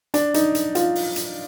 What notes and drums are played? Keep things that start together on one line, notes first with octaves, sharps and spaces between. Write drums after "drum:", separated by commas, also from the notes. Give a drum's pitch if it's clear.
D4, drum: hi-hat
D#4, drum: hi-hat
drum: hi-hat
F4, drum: hi-hat
drum: open hi-hat
drum: hi-hat